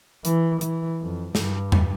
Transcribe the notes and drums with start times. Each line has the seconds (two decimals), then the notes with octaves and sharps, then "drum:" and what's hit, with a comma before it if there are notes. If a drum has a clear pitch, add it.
0.25 E3, drum: hi-hat
0.61 E3, drum: hi-hat
1.02 F2
1.35 G2, drum: snare
1.72 drum: tom E2